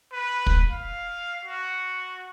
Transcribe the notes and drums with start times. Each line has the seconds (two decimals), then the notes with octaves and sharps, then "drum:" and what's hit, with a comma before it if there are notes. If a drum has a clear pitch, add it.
0.13 B4
0.46 drum: kick
0.70 F5
1.45 F#4